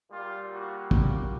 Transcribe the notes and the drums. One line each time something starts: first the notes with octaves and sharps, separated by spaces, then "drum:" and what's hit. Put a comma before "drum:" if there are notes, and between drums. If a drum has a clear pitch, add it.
A#2 G3 A#3 F4
F#4
F#4, drum: kick